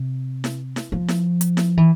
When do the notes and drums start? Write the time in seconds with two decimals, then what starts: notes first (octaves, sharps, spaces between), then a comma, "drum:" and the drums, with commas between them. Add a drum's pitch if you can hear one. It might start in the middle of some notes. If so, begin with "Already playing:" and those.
Already playing: C3
0.44 drum: snare E4
0.76 drum: snare E4
0.92 F3
1.08 drum: snare E4
1.41 drum: hi-hat
1.57 drum: snare E4
1.77 E3